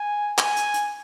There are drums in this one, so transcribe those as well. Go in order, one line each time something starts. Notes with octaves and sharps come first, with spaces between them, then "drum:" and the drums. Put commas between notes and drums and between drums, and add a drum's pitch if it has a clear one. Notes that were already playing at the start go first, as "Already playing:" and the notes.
Already playing: G#5
G#5, drum: clap
drum: hi-hat
drum: hi-hat